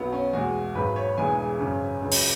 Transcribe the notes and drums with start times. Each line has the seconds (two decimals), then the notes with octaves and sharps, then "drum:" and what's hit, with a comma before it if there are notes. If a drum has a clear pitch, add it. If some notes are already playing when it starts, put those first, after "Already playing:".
Already playing: B1 B2 F#3 B3
0.13 C#4
0.33 E2 B2 G#3 F#4
0.75 G#1 G#2 F#3 B4
0.96 C#5
1.18 E1 E2 E3 G#3 G#5
1.59 G#1 F#2 C#3
2.01 C#2 C#3 F#3
2.12 drum: open hi-hat